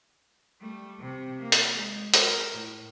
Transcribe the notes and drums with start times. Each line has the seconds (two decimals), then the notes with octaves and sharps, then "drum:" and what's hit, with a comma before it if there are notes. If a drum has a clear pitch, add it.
0.61 G3 A3
1.00 C3
1.40 A#3
1.52 drum: hi-hat
1.77 G#3
2.14 A#4, drum: hi-hat
2.53 A2